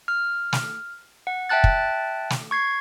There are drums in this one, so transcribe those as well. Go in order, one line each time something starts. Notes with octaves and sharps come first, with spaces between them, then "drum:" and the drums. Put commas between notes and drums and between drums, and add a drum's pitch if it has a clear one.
F6
drum: snare
F#5
E5 G5 A5 F#6 A6
drum: kick
drum: snare
C#6 G#6 C7